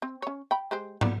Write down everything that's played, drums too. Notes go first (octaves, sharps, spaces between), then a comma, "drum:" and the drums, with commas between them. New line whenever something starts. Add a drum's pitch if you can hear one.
C4
C#4 C#5
G5 B5
G#3 G4 C5
A#3 B3 D5, drum: tom